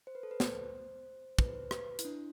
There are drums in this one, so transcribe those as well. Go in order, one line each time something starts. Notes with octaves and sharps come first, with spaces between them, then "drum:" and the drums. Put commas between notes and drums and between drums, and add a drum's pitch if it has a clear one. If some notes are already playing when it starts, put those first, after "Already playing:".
C5
B4
A4
B4
C5, drum: snare
B4, drum: kick
C5
B4, drum: rim click
E4, drum: hi-hat
D4